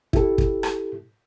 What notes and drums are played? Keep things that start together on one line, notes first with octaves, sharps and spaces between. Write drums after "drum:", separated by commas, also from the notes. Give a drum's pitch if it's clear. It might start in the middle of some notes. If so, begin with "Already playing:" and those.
E4 G4 A4, drum: kick
drum: kick
drum: rim click